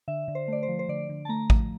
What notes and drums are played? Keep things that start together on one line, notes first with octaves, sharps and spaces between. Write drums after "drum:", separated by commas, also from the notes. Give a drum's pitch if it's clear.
D3 E5
D3
C5
A3 D5
C5
F3
C5
D3 D5
D3
A5
A3 A#5
F3, drum: kick A1